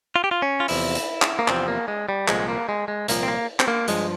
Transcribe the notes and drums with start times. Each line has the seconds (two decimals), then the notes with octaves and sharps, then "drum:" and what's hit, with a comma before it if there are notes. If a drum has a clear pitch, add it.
0.16 F4
0.24 G4
0.31 F4
0.42 C#4
0.60 F4
0.68 E2 C3 F3 E4, drum: open hi-hat
0.95 drum: hi-hat
1.22 drum: clap
1.39 A#3
1.48 E2 C3 F3 C4, drum: clap
1.68 A#3
1.88 G#3
2.09 G3
2.28 C2 A#2 F3 G#3, drum: clap
2.48 A#3
2.69 G#3
2.88 G#3
3.08 C2 A#2 F3 A#3, drum: hi-hat
3.23 C4
3.28 A#3
3.60 C4, drum: clap
3.68 A#3
3.88 G2 F3 G#3, drum: hi-hat